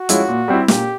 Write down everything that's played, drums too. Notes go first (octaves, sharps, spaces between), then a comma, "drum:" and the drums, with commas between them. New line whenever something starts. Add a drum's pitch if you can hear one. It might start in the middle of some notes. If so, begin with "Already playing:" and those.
Already playing: F#4
F3 G#3 C#4 E4, drum: hi-hat
A#2
G3 C4 E4
A#2 G4, drum: snare